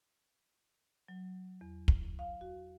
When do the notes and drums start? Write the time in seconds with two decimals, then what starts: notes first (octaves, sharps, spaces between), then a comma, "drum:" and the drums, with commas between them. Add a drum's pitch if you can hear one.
1.08 F#3
1.61 E2
1.88 drum: kick
2.19 F5
2.41 F#4